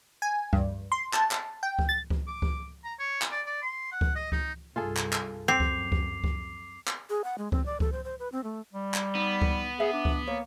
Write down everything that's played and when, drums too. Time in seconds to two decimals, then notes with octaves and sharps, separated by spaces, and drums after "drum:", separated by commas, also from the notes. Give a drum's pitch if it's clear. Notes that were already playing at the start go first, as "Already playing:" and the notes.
0.22 G#5
0.53 G2, drum: kick C#2
0.92 C6
1.13 A5, drum: clap
1.31 drum: clap
1.63 G5
1.79 drum: kick C#2
1.89 A6
2.10 drum: kick C#2
2.27 D6
2.42 drum: kick C#2
2.84 A#5
2.99 C#5
3.22 drum: clap
3.31 D5
3.46 D5
3.62 C6
3.92 F#5
4.01 drum: kick C#2
4.15 D#5
4.32 D#4, drum: kick C#2
4.76 C2 G2 F4 G#4 A4
4.97 drum: clap
5.12 drum: clap
5.48 F#2 C4 D6 C7 F7
5.60 drum: kick C#2
5.92 drum: kick C#2
6.24 drum: kick C#2
6.87 drum: clap
7.10 G#4
7.24 F#5
7.38 G#3
7.52 C4, drum: kick C#2
7.66 D5
7.80 A4, drum: kick C#2
7.92 C5
8.04 C5
8.19 B4
8.32 C4
8.44 A3
8.73 G3
8.94 drum: clap
9.15 B3 D#4
9.42 drum: kick C#2
9.80 G#4 E5 F#5
9.93 D4
10.05 drum: kick C#2
10.27 A#3 C#5